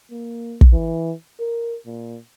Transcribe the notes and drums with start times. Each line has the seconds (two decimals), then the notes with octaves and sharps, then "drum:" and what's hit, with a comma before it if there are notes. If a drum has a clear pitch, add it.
0.11 A#3
0.61 drum: kick
0.73 E3
1.40 A#4
1.86 A#2